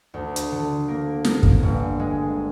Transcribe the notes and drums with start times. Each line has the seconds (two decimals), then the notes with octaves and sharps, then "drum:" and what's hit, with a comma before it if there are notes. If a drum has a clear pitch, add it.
0.14 D2
0.36 drum: hi-hat
0.51 D3
0.88 A#3
1.25 A#3, drum: snare
1.43 drum: kick
1.63 G1
1.99 G#3